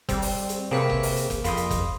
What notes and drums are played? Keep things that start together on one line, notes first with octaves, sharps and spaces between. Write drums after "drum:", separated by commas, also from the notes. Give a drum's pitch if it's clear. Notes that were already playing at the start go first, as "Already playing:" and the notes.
G3 C4, drum: kick F#1, hi-hat
drum: open hi-hat
drum: hi-hat
C3 A#3 C4 G#4 B4 C#5
drum: kick F#1
drum: open hi-hat
drum: hi-hat
drum: kick F#1, hi-hat
F2 A#3 B5 C6 D#6, drum: hi-hat
drum: hi-hat
drum: kick F#1, hi-hat